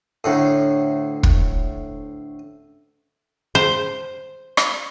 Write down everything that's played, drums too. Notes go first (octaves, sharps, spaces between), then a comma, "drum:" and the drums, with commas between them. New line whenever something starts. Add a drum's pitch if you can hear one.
D2 A2
drum: kick
C5
drum: rim click